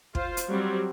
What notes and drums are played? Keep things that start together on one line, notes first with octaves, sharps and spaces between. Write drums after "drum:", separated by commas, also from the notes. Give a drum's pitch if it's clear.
F4 C5, drum: kick
drum: hi-hat
F#3 G3 C4